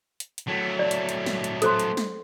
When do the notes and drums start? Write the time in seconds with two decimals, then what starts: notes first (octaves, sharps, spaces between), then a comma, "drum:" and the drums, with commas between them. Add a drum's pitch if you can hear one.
0.20 drum: hi-hat
0.38 drum: hi-hat
0.47 F#3 A3
0.79 D5
0.91 drum: hi-hat
1.09 drum: hi-hat
1.26 drum: snare
1.44 drum: hi-hat
1.62 A4 C5 C6, drum: hi-hat
1.80 drum: hi-hat
1.97 drum: snare